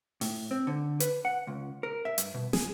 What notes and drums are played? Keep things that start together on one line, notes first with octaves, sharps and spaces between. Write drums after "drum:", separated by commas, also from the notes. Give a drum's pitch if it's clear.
A2, drum: open hi-hat
C4
D3
B4, drum: hi-hat
F#5
C#2
A#4
E5
G2, drum: hi-hat
B2
G#4, drum: snare